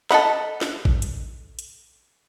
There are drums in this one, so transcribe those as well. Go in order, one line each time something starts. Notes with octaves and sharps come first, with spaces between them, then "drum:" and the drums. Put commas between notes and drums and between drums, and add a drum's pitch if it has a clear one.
A4 D#5 F#5 B5, drum: snare
drum: snare
drum: kick
drum: hi-hat
drum: hi-hat